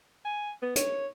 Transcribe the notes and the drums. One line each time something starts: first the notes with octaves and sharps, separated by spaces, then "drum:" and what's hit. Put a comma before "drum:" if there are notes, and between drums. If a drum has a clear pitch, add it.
G#5
B3
C#5, drum: hi-hat